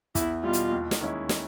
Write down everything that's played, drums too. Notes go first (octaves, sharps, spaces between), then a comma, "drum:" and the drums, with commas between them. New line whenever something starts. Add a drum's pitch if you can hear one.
E2 E4, drum: kick, hi-hat
B2 G3 F4
drum: hi-hat
D#2
drum: snare
D#3 G#3 C#4 E4
drum: snare